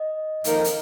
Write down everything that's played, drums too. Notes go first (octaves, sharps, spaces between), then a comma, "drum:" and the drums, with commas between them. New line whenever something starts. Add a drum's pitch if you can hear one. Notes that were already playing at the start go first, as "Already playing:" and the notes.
Already playing: D#5
F2 D#3 A#3 D#4 A#4, drum: hi-hat
drum: hi-hat